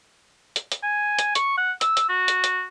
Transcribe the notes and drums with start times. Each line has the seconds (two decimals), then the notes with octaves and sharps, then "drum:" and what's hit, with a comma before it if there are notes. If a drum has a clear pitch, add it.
0.56 drum: hi-hat
0.72 drum: hi-hat
0.83 G#5
1.19 drum: hi-hat
1.35 C#6, drum: hi-hat
1.58 F#5
1.81 E6, drum: hi-hat
1.97 drum: hi-hat
2.09 F#4
2.28 drum: hi-hat
2.44 drum: hi-hat